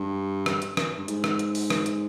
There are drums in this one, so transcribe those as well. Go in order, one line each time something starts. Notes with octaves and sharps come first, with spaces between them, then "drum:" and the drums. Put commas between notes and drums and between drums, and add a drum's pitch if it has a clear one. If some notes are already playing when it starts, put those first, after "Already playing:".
Already playing: G2
drum: rim click
drum: hi-hat
drum: rim click
G2
G#2, drum: hi-hat
drum: rim click
drum: hi-hat
drum: open hi-hat
drum: rim click
drum: hi-hat